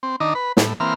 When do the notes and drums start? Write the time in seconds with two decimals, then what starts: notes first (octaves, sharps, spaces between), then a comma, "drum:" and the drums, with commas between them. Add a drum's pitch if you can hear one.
0.03 C4
0.20 D#3 D4 D#4
0.35 B4
0.57 A2, drum: snare
0.80 E3 A#3 C4 F6